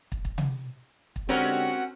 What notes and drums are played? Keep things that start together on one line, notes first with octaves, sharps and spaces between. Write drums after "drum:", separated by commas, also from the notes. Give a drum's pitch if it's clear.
drum: kick
drum: kick
drum: tom C3
drum: kick
D3 G#3 C4 C#4 F#4 G4 A#4 F#5